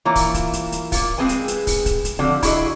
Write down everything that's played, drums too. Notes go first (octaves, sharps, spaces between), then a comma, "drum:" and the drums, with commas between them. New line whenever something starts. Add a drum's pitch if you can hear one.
E3 A#3 F4 C#5
drum: kick, open hi-hat
drum: kick, hi-hat
drum: hi-hat
drum: hi-hat
A#3 F4, drum: kick, open hi-hat
G#3 C4 G#4 B4 G#5
drum: hi-hat
drum: hi-hat
drum: kick, open hi-hat
drum: kick, hi-hat
drum: hi-hat
D3 F3 C4 F#4
E4 F#4 G#4 D#5, drum: kick, open hi-hat